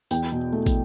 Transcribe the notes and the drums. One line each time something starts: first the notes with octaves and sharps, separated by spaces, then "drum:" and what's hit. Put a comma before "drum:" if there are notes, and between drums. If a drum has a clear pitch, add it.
E2 G5, drum: tambourine
B2
A3
drum: kick, tambourine